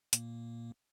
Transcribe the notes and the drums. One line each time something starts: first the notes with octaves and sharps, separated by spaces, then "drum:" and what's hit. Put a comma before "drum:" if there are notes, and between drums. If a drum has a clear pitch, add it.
A#2 A#3, drum: hi-hat